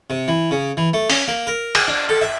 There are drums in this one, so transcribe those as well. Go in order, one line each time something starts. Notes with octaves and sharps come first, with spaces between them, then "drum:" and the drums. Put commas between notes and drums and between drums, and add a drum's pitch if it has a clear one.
C3
E3
C#3
E3
A3
C#4, drum: open hi-hat
A#3
A#4
G#4, drum: cymbal
D4
A4
E5